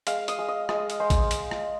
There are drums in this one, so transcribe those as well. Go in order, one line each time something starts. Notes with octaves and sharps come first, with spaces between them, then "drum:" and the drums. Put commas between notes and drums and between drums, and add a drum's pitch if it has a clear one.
G#3 F5, drum: hi-hat
D#5, drum: hi-hat
G#3
D#5
G#3 D#5, drum: rim click
drum: hi-hat
G#3 C5
drum: kick A1, hi-hat
drum: hi-hat
drum: rim click